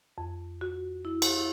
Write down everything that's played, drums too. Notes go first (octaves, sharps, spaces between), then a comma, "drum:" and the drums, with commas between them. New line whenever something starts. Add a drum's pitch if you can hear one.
F2
F#4
E4
drum: cymbal
E4